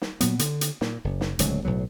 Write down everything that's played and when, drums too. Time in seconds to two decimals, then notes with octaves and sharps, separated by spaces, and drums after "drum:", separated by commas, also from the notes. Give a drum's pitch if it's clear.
0.02 drum: snare
0.21 A#2 F#3 B3, drum: hi-hat
0.39 D3, drum: hi-hat
0.61 drum: hi-hat
0.81 A#2, drum: snare
1.04 F#1
1.21 drum: snare
1.39 D1 C#2 F#3, drum: hi-hat
1.65 B1 A2 F#3